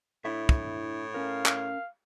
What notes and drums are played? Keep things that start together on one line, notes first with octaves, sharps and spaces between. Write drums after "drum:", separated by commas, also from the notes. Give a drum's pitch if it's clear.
A2 D4 E4 E5
drum: kick
C#4 A#4 F5
drum: clap